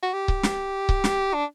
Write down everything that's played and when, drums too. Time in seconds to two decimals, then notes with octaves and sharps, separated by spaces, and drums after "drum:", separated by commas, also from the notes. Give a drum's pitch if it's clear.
0.03 F#4
0.13 G4
0.28 drum: kick C#1
0.43 drum: snare
0.89 drum: kick C#1
1.04 drum: snare
1.34 D4